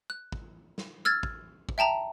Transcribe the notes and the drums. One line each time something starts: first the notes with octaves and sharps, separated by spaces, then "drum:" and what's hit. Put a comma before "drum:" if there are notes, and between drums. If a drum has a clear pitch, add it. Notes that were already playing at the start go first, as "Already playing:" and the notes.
F#6
drum: kick
drum: snare
E6 F6 G#6 A6
drum: kick
drum: kick
E5 G5 A5 A#5